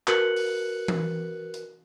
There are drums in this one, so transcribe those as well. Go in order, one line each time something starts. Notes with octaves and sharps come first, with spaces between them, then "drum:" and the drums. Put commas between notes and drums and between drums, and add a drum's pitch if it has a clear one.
F#4 A#4 B4 F#6 C#7 F#7, drum: clap
drum: open hi-hat
drum: tom E3
drum: hi-hat